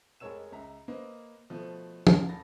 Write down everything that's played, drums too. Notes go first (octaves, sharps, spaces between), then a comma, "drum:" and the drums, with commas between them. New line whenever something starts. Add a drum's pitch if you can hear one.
F1 G#3 A#4 C#5 E6 E7
C#2 E5 A#5
A#3 B4 C5 D#5
B2 F3 A3
A5, drum: tom
D#1 B5 A6 A#6